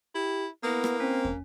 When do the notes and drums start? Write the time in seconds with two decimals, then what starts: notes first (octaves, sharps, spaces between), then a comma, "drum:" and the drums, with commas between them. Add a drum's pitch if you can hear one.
0.15 E4 G4
0.63 A#3 B3 E4 B4 D#6
0.84 drum: rim click
1.00 C4 C#4
1.25 drum: kick